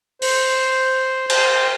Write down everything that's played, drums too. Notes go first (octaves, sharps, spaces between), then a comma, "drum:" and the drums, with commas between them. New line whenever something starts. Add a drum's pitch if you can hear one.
C5, drum: open hi-hat
C5, drum: cymbal